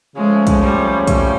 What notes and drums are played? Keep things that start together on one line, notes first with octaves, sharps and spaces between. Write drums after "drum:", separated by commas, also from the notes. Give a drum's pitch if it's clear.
C#3 F3 G#3 A3
drum: kick, hi-hat
G3
G3, drum: kick, hi-hat